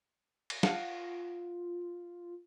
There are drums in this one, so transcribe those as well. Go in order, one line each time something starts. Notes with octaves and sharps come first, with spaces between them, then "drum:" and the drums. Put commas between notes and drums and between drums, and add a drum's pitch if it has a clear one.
drum: cymbal
F4 F5 F#5, drum: snare